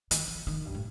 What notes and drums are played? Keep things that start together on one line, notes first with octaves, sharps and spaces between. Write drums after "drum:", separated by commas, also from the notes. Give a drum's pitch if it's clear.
D#3, drum: hi-hat
F3
D#3
G2
A2